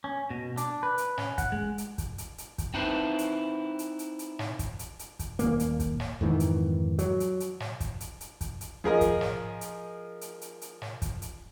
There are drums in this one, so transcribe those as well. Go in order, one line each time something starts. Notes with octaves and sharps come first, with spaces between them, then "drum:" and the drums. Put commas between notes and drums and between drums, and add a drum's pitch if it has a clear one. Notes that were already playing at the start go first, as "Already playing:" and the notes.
C#4
B2
D4, drum: hi-hat
B4
drum: hi-hat
C#4, drum: snare
F#5, drum: kick, hi-hat
G#3
drum: hi-hat
drum: kick, hi-hat
drum: hi-hat
drum: hi-hat
drum: kick, hi-hat
C4 D#4 E4 B4 C5 A5
drum: hi-hat
drum: hi-hat
drum: hi-hat
drum: hi-hat
drum: snare
drum: kick, hi-hat
drum: hi-hat
drum: hi-hat
drum: kick, hi-hat
D#1 A#2 A#3, drum: hi-hat
drum: hi-hat
drum: kick, hi-hat
drum: snare
F2 G#2 D#3 E3
drum: hi-hat
F#3, drum: hi-hat
drum: hi-hat
drum: hi-hat
drum: snare
drum: kick, hi-hat
drum: hi-hat
drum: hi-hat
drum: kick, hi-hat
drum: hi-hat
F3 G#4 A#4 D#5
drum: kick, hi-hat
drum: snare
drum: hi-hat
drum: hi-hat
drum: hi-hat
drum: hi-hat
drum: snare
drum: kick, hi-hat
drum: hi-hat